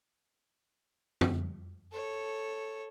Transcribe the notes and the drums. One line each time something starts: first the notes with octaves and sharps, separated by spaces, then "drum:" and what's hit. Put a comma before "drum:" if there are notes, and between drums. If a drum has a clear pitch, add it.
drum: tom
A4 C#5